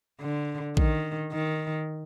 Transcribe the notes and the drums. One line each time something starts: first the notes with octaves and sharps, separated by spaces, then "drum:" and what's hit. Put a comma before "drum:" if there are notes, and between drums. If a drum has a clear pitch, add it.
D3
D#3, drum: kick A#1
D#3